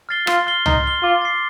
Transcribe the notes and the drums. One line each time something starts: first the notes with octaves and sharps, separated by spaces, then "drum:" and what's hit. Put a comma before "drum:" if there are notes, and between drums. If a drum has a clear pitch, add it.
F6 A6 C7 G7
F4 C6, drum: rim click
F6 A6 C7 G7
D#4 C6, drum: tom
F6 A6 C7 G7
F4 D6
A6 C7